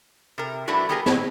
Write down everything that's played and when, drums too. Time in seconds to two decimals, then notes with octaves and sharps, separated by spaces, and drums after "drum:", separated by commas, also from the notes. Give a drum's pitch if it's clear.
0.38 C3 A#4
0.67 G3 A3 D4 E4 F#4 B4
0.89 A3 B3 G4 G#4 A#4 G#5
1.06 E4 C#5 A5, drum: snare C4